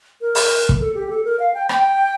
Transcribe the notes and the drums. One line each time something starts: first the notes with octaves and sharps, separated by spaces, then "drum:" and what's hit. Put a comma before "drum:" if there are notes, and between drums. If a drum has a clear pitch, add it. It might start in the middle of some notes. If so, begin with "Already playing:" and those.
A#4
drum: open hi-hat
drum: kick
A4
G4
A4
A#4
F5
G5
G5, drum: rim click